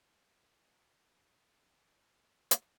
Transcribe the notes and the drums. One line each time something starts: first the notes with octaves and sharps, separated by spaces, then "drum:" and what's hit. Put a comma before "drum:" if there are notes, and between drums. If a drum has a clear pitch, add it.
G#4 C#6 G6
G#3 C#6
drum: hi-hat